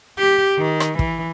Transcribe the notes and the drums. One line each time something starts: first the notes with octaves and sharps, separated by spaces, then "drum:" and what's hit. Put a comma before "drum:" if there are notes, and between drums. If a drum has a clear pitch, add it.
G4
D#3
drum: rim click
E3, drum: kick